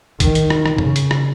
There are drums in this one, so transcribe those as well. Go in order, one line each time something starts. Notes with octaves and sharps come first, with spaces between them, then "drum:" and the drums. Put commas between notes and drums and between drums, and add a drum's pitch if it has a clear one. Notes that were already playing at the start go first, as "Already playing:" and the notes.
D#3, drum: kick B1, hi-hat
drum: hi-hat
drum: rim click
drum: rim click
C#3, drum: tom F#2
drum: hi-hat
drum: rim click